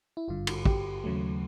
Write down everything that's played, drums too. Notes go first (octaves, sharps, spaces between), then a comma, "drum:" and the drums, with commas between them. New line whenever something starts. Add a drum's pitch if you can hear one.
E4
G#1 G2 D3 F4
F#4, drum: cymbal
G4, drum: kick
D#2 C#3 F#3 A3